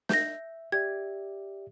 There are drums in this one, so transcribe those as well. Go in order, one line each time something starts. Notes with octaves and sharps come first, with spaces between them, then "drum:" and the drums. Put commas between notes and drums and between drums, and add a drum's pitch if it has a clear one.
E5 G6 A#6, drum: snare
G4 D5 E5 G#6